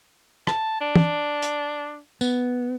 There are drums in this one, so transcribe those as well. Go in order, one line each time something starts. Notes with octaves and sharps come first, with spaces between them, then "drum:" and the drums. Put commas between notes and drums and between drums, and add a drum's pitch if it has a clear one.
A5, drum: rim click
D4
drum: tom
drum: hi-hat
B3, drum: tambourine